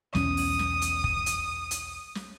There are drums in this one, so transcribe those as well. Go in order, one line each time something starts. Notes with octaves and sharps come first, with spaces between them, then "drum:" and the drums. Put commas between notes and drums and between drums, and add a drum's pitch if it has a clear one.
B1 E2 C#4 D#6, drum: snare
drum: open hi-hat
drum: snare
drum: hi-hat
drum: kick
drum: hi-hat
drum: hi-hat
drum: snare